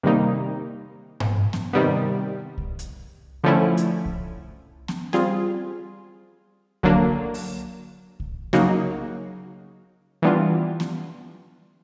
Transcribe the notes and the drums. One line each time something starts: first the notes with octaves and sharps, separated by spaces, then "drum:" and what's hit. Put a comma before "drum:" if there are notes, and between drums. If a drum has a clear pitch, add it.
C3 D#3 G3 A#3 D#4
drum: tom G#2
drum: snare B3
C3 D#3 G3 B3
drum: kick C2
drum: hi-hat
D3 F3 A3 C#4 E4
drum: hi-hat
drum: kick C2
drum: snare B3
G3 C4 F4 G#4, drum: snare B3
D3 F#3 A#3 D4, drum: kick C2
drum: open hi-hat
drum: kick C2
C#3 F#3 A#3 D#4 F#4, drum: snare B3
E3 G3 B3 D4 F4
drum: snare B3